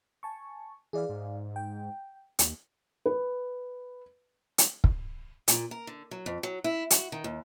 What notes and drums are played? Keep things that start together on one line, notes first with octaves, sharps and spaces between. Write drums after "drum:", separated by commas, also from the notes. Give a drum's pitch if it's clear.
G#5 A5 C#6
E3 G#4 D5 F5
G#2
G5
D#2, drum: hi-hat
B4
drum: hi-hat
drum: kick
A#2, drum: hi-hat
A#4
D3
F#3
F2
F#3
E4
F#4, drum: hi-hat
D#3
D#2